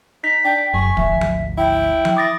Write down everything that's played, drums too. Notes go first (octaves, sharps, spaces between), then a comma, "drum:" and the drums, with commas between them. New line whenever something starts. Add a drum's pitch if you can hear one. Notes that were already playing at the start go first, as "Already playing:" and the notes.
D#4 B6
D4 G5
F1 F#2 G#5 C#6
G#1 D2 F3 E5, drum: kick
drum: tom F3
E4 G5
drum: tom F3
D6 D#6 A6 A#6